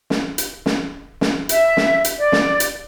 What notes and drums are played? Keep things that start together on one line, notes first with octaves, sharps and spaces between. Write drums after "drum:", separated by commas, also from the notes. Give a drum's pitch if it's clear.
drum: snare
drum: hi-hat
drum: snare
drum: snare
E5, drum: hi-hat
drum: snare
drum: hi-hat
D5
drum: snare
drum: hi-hat